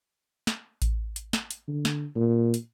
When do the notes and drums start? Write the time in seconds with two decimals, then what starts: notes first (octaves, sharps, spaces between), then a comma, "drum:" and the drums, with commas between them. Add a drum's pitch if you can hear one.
0.47 drum: snare
0.82 drum: kick A1, hi-hat
1.16 drum: hi-hat
1.33 drum: snare
1.51 drum: hi-hat
1.68 D3
1.85 drum: snare
2.16 A#2
2.54 drum: hi-hat